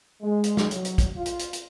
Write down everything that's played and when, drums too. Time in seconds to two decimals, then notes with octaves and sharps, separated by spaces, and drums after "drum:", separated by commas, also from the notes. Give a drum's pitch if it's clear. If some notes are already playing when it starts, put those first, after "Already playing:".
0.23 G#3
0.44 drum: hi-hat
0.57 drum: snare
0.71 F#3, drum: hi-hat
0.85 drum: hi-hat
0.98 drum: kick, hi-hat
1.17 F4
1.26 drum: hi-hat
1.39 drum: hi-hat
1.53 drum: hi-hat